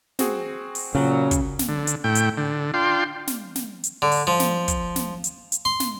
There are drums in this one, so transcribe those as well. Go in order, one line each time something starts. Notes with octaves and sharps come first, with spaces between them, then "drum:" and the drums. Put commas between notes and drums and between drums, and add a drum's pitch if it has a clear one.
C4 F#4 G#4, drum: snare
drum: open hi-hat
A#2 C#3 F#3
drum: kick, hi-hat
drum: snare
D3
drum: hi-hat
A2 G5
drum: hi-hat
D3
D4 F4 G5 C6
drum: snare
drum: snare
drum: hi-hat
D3
drum: open hi-hat
F3
drum: snare
drum: kick, hi-hat
drum: snare
drum: hi-hat
drum: hi-hat
C6
drum: snare